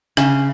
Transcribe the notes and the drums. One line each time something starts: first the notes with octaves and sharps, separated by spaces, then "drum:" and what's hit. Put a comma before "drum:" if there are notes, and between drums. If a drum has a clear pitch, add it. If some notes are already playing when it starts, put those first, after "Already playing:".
C#3, drum: rim click